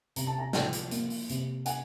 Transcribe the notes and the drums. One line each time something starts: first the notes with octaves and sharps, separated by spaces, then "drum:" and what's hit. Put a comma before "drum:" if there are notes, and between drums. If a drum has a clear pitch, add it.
C3 A#5, drum: hi-hat
A5
G#5 A#5
F3 G5 A5, drum: snare
drum: hi-hat
A#3, drum: hi-hat
drum: open hi-hat
C3, drum: hi-hat
F#5 G#5, drum: hi-hat